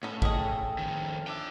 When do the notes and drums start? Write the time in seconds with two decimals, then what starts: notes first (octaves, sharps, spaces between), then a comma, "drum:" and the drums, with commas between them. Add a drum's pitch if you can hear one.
0.03 A2 B3 C#4 A4
0.22 A3 C#4 G#4 D#5 F5 G5, drum: kick
0.45 A4
0.78 F2 D#3
1.27 D4 F4 D5 E5 G5